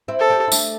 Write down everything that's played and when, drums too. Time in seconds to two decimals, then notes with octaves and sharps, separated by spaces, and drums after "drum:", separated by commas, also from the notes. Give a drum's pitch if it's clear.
0.08 C4 E4
0.19 A4
0.30 D4 G4
0.48 E4
0.52 A3 D4, drum: tambourine